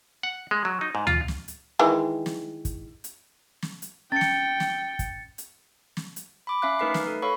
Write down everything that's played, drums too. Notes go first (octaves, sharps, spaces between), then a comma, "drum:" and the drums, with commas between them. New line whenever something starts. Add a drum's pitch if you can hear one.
F#5
G#3
F#3
D#4
G#2
F4, drum: tom D2
drum: snare
drum: hi-hat
D#3 E3 G#3
drum: snare
drum: kick, hi-hat
drum: hi-hat
drum: snare
drum: hi-hat
C#4 G5 A6 C#7
drum: snare
drum: snare
drum: kick, hi-hat
drum: hi-hat
drum: snare
drum: hi-hat
B5 D6
C#4 E5 F5 D6 F#6
A3 D#4 A#4 B4 B6 C7
B4, drum: snare
A4
A4 C#5 F5 B5 C#6